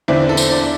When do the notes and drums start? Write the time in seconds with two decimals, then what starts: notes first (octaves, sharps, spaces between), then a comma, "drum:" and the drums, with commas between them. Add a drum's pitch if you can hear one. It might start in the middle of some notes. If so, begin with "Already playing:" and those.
0.08 E2 D3 C4 E4 D5
0.29 A4
0.37 C5, drum: tambourine
0.52 D5